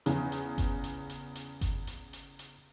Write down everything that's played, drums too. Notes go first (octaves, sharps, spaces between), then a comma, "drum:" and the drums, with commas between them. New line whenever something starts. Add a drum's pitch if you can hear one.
E2 C#3, drum: hi-hat
drum: hi-hat
drum: kick G1, hi-hat
drum: hi-hat
drum: hi-hat
drum: hi-hat
drum: kick G1, hi-hat
drum: hi-hat
drum: hi-hat
drum: hi-hat